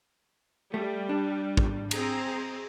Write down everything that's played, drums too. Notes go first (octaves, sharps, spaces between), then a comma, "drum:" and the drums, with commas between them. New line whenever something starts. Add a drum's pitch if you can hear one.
G3 A3
D4
drum: kick
C4 G#4 A#5, drum: cymbal